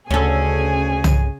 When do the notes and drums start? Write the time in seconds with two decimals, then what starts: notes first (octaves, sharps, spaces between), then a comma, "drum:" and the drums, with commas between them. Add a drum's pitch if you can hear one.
0.11 D2 C#3 C#4 G#4 A4 G#5
1.04 drum: tom C2